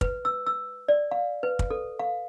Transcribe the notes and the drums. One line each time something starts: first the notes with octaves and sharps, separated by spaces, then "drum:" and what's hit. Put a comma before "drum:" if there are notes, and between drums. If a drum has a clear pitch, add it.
B4, drum: kick
E6
E6
D5
F5
B4
drum: kick
A4
F5